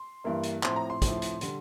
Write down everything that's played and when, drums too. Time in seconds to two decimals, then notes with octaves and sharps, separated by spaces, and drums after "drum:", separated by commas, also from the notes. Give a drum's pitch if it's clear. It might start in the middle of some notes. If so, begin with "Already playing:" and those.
Already playing: C6
0.24 G2 E3 A#3 E4
0.43 drum: hi-hat
0.63 A2 F3 C4 E4 C6, drum: clap
0.76 A#5
0.90 C6
1.02 A2 F3 C4 E4, drum: kick, hi-hat
1.22 drum: hi-hat
1.41 D3 G3, drum: hi-hat